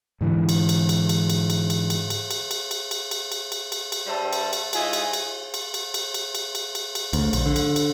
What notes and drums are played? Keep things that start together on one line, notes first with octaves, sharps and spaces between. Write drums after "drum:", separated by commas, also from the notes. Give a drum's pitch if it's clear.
G#2 D3 E3
drum: cymbal
drum: cymbal
drum: cymbal
drum: cymbal
drum: cymbal
drum: cymbal
drum: cymbal
drum: cymbal
drum: cymbal
drum: cymbal
drum: cymbal
drum: cymbal
drum: cymbal
drum: cymbal
drum: cymbal
drum: cymbal
drum: cymbal
drum: cymbal
G2 G3 C5 E5 A5
drum: cymbal
drum: cymbal
G#2 E4 F4 D#5 G#5, drum: cymbal
drum: cymbal
drum: cymbal
drum: cymbal
drum: cymbal
drum: cymbal
drum: cymbal
drum: cymbal
drum: cymbal
drum: cymbal
drum: cymbal
D2, drum: cymbal
A#1, drum: cymbal
D3
drum: cymbal
drum: cymbal